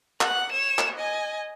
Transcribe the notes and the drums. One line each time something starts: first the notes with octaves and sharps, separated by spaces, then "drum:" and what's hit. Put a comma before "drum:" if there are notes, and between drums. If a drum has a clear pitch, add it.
F#5 F#6, drum: clap
C#5 E7
drum: clap
D#5 G#5